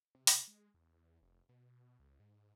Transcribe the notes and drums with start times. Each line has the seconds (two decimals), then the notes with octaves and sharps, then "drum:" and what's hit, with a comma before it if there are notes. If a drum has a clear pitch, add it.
0.15 C3
0.27 drum: open hi-hat
0.47 G#3
0.74 E2
1.22 F1
1.49 B2
1.99 C#2
2.20 G#2